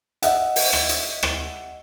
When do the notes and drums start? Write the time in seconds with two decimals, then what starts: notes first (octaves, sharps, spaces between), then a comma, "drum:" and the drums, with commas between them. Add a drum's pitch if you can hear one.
0.22 D#5 E5 F#5, drum: hi-hat
0.56 drum: open hi-hat
0.73 drum: rim click
0.89 drum: hi-hat
1.23 drum: rim click